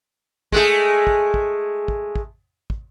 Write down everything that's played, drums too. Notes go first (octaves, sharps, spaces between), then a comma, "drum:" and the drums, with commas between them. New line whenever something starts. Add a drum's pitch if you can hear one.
G#3 A3 G#4, drum: kick
drum: kick
drum: kick
drum: kick
drum: kick
drum: kick